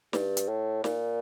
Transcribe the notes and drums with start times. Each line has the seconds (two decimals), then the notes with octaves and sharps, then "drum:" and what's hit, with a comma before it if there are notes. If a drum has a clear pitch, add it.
0.13 G2, drum: snare
0.37 drum: hi-hat
0.48 A2
0.84 A#2, drum: snare